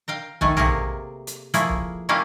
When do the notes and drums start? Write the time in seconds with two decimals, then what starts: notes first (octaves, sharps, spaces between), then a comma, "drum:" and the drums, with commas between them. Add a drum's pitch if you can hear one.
0.08 F5 G5 A#5
0.41 D#3 A3 G#5, drum: kick
0.57 C3 A3 A#3 G#4 A#4, drum: tom A#1
1.27 drum: hi-hat
1.54 F3 A3 A#3 E4 G#4, drum: hi-hat
1.69 drum: kick
2.09 A3 A#3 C#4 E4 G4 F5